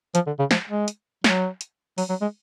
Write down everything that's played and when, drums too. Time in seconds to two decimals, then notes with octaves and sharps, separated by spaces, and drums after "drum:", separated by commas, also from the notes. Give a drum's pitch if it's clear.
0.15 F3, drum: hi-hat
0.27 D3
0.39 C#3
0.51 F3, drum: snare
0.70 G#3
0.88 drum: hi-hat
1.24 F#3, drum: snare
1.61 drum: hi-hat
1.98 F#3, drum: open hi-hat
2.09 F#3
2.22 G#3